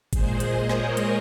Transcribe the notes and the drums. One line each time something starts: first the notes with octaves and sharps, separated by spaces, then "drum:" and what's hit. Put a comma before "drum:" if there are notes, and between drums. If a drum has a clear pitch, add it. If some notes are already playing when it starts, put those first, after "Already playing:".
A#2 G#3 G#4 C5, drum: kick G1, hi-hat
C5 D#5, drum: hi-hat
A#4 C#5, drum: snare
drum: hi-hat